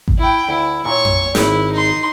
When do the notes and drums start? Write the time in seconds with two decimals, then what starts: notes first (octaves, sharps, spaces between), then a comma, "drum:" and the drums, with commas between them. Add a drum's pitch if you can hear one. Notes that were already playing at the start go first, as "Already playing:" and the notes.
0.08 drum: kick G#1
0.18 E4 G5
0.49 D2 E4
0.85 A#2 C#5 C#6
1.05 drum: tom F2
1.35 G#1 E4 G5, drum: snare
1.72 D#4 C6